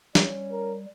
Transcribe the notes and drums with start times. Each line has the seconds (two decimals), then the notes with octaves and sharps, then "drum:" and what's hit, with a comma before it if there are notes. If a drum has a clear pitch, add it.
0.15 G3 C#4, drum: snare
0.51 A#4